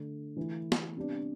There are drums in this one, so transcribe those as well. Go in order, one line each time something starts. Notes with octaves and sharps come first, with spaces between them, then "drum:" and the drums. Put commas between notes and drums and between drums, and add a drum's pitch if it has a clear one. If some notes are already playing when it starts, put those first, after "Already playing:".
Already playing: D3 A3 D4
E3 A3 E4
drum: snare
C3 G3 B3 D4